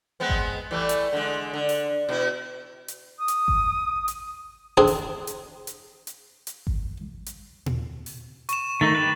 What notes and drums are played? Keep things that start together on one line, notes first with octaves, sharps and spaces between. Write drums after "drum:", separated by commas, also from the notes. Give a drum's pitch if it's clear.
G#3 B3 C4
drum: kick G#1
E3 G3 A3
drum: hi-hat
D3 G#3
D3
drum: open hi-hat
B2 E4
drum: hi-hat
D#6
drum: hi-hat
drum: kick G#1
drum: hi-hat
C4 D4 G#4
drum: open hi-hat
drum: hi-hat
drum: hi-hat
drum: hi-hat
drum: hi-hat
drum: kick G#1
drum: hi-hat
drum: tom A#2
drum: open hi-hat
C#6 E7, drum: hi-hat
D#3 A3 D#4 A6
G4 B4